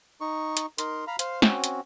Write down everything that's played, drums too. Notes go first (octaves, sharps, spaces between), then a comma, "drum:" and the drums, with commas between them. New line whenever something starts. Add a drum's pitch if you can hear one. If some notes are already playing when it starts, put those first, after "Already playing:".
D#4 C#6
drum: hi-hat
D#4 A#4 C6, drum: hi-hat
F5 A#5 B5
C5 F5, drum: hi-hat
C4 C#4 F#4, drum: snare
drum: hi-hat